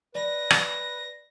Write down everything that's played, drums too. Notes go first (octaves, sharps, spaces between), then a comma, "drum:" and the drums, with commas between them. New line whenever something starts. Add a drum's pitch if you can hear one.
B4 D5 A#6
drum: rim click